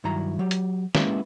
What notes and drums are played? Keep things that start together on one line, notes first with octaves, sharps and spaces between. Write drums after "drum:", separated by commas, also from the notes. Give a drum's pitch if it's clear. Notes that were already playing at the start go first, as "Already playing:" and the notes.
G2 D#3 F#3 E4 A#5
F#3 G4
drum: hi-hat
G#3 A#3 B3 C#4 E4 G4, drum: snare